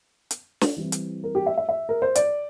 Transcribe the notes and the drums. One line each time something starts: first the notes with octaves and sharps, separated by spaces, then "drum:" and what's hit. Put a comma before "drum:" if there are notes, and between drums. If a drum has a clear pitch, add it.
drum: hi-hat
drum: snare
E3 G3 C4 E4
drum: hi-hat
A#4
G4
E5
E5
E5
A#4
C5
D5, drum: hi-hat